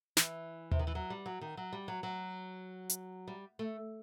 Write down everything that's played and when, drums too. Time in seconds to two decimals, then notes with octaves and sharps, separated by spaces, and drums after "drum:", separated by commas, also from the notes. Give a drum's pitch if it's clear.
0.17 E3, drum: snare
0.71 C3, drum: tom D#2
0.79 D#3
0.87 E3
0.95 F#3
1.10 G3
1.26 F#3
1.41 D#3
1.57 F#3
1.72 G3
1.88 F#3
2.03 F#3
2.89 drum: hi-hat
3.27 G3
3.59 A3